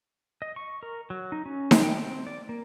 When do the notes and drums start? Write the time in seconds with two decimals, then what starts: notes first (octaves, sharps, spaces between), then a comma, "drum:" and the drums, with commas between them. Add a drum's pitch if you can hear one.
0.42 D#5
0.56 C#6
0.83 A#4
1.10 F#3
1.32 D#4
1.46 C#4
1.71 C5, drum: snare D#4
1.83 G5
2.02 C4
2.27 D5
2.49 A#3